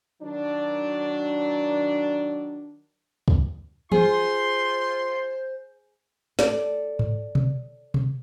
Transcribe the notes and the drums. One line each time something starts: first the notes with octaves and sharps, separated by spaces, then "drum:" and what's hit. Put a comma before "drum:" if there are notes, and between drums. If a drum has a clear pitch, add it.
D#3 F#3 D4
drum: kick
F4 G#4 C5 C6, drum: tom E3
A4 D5, drum: snare
drum: tom G#2
drum: tom B2
drum: tom B2